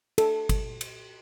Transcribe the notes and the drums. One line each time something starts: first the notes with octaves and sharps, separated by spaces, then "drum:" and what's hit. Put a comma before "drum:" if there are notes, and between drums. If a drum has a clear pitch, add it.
A4, drum: cymbal
drum: kick G1, cymbal
drum: cymbal